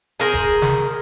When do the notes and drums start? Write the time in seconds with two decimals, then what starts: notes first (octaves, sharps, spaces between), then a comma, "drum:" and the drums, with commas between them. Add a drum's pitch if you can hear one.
0.20 G#4 A#4 C5
0.34 drum: kick E1
0.62 drum: snare